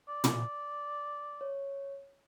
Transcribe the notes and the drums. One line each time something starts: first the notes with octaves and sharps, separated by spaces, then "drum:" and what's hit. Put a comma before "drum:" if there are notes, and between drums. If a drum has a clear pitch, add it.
D5
drum: tom
C#5